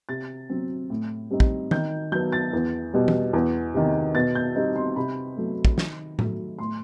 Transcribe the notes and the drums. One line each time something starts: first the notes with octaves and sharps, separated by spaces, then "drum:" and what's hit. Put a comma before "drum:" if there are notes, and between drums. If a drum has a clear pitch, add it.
C3 A6
F#3 C4
A2
G3 C4 D#4
drum: kick
D#3 G6, drum: tom E3
F#3 B3 G6
A6
E2
B2 G3
drum: tom E3
E2
C3 D#3
B2 A6
G6
G3 C4 D#4
C6
C3 B5
F#3 A3
drum: kick
D#3, drum: snare
F#3 A3, drum: tom A2
A2 C6